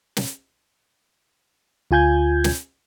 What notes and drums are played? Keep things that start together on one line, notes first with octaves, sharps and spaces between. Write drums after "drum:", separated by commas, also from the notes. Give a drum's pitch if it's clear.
drum: snare
D2 F4 G#5 G6 G#6
drum: snare